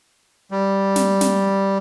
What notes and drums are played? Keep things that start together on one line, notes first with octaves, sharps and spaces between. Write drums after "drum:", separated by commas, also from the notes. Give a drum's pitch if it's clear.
G3
drum: snare
drum: snare